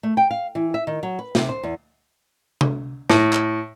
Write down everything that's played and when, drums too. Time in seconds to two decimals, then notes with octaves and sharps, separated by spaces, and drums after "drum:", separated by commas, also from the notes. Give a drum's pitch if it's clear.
0.03 A3
0.17 G5
0.31 F5
0.55 E3
0.74 E5
0.87 D#3
1.03 F#3
1.19 B4
1.35 C3, drum: snare
1.49 C5
1.63 E2
2.61 drum: tom C3
3.10 A2, drum: snare
3.33 drum: clap